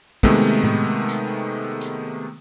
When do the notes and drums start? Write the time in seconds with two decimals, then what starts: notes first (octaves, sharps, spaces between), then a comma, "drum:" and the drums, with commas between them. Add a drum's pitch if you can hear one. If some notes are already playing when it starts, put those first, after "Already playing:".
0.23 C3 D#3 G#3 A3 B3, drum: kick
0.64 drum: tom A2
1.09 drum: hi-hat
1.81 drum: hi-hat